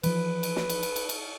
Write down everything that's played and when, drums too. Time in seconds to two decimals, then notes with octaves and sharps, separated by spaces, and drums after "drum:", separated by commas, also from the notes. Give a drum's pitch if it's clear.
0.03 E3 F3 B4, drum: cymbal
0.43 drum: cymbal
0.56 drum: snare
0.69 drum: cymbal
0.83 drum: cymbal
0.96 drum: cymbal
1.09 drum: cymbal